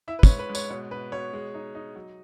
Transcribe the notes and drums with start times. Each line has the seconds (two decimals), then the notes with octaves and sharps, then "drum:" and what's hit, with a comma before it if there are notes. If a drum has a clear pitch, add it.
0.08 E4 E5
0.19 B4
0.23 C#5, drum: kick, tambourine
0.29 G#2
0.39 B4
0.49 G#2
0.55 C#5, drum: tambourine
0.70 B2 C#5
0.91 B2 B4
1.12 B2 C#5
1.33 G#3
1.54 D#4
1.75 D#4
1.96 F#3